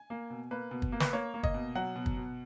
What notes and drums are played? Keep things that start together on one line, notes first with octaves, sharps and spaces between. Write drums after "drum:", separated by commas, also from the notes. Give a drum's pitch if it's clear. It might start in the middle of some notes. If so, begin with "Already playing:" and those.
Already playing: G#5
A#3
B2
A#3 B4
B2
drum: kick
A#3
B4, drum: snare
A#3 C#5
A#3
D#5, drum: kick
B2
F#3 F#5
B2
drum: kick
B2